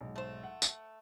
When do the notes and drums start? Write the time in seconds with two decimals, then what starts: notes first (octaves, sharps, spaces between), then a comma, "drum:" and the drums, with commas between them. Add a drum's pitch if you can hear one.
0.01 B1 G#2
0.16 A3 C5
0.43 F#5
0.62 drum: tambourine